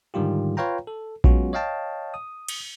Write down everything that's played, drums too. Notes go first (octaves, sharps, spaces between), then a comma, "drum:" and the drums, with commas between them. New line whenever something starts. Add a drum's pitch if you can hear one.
G#2 D3 D#3 G3 F4 G4
F4 B4 C#5 F5 G5 A#5
A4
F#3 G#3 B3 C#4 F4 F#4, drum: kick A#1
C#5 D#5 F5 G5 A5
D#6
drum: cymbal